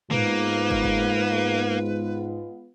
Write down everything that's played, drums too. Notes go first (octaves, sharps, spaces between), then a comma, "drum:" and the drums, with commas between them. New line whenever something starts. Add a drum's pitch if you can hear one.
G#2 G#3 A#3 B3 F4 B4, drum: tom
drum: kick
drum: kick